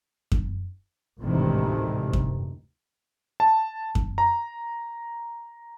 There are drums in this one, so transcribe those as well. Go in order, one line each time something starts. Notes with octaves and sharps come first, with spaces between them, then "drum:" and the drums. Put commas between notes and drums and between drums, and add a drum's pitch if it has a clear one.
drum: kick F#2
G#1 D2 A2 C3 D#3 E3
drum: kick F#2
A5
drum: kick F#2
A#5